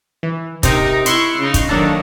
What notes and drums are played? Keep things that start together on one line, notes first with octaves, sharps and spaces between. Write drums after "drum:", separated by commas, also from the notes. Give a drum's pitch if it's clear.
E3
C3 C4 D#4 A#4, drum: kick, hi-hat
E4 C6 C#6 F#6, drum: hi-hat
C#3 D#4
drum: kick, hi-hat
D#3 F#3 A#3 D4 A4